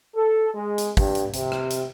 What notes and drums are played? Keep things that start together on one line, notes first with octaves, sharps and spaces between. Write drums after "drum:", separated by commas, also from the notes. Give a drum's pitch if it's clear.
A4
G#3
drum: hi-hat
G2, drum: kick, open hi-hat
drum: hi-hat
C3, drum: hi-hat
drum: rim click
drum: hi-hat